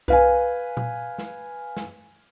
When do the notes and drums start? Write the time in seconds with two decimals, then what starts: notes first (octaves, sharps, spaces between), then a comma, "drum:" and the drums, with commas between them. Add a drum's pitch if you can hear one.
0.08 B4 F5 G#5, drum: kick B1
0.77 drum: tom A#2
1.18 drum: snare
1.77 drum: snare